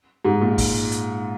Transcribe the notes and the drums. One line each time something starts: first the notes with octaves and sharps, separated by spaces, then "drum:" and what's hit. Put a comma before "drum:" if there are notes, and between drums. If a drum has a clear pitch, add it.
G#2
A#2
drum: kick, open hi-hat
drum: hi-hat